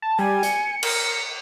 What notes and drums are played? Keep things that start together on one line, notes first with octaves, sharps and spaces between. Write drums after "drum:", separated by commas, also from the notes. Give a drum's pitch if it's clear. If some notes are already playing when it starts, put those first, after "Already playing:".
A5
G3 G#5
C#7, drum: hi-hat
A#4, drum: cymbal